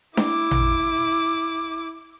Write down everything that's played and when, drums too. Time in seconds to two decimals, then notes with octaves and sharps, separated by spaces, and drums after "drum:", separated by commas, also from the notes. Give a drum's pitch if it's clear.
0.17 E4 D6, drum: snare D4
0.51 drum: tom A1